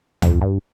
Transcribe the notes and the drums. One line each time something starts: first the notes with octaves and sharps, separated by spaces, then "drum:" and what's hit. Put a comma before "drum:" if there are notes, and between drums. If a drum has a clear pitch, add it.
F2, drum: tom D2
G2